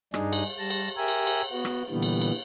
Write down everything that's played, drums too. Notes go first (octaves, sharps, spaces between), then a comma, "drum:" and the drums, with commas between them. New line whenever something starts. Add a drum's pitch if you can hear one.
G2 D4 D#4 G#4, drum: rim click
drum: cymbal
G3 A5 A#6
drum: cymbal
G4 A#4 E5 G#5
drum: cymbal
drum: cymbal
B3 F#4
drum: rim click
A#2 D3 E3 G3 B3
drum: cymbal
drum: cymbal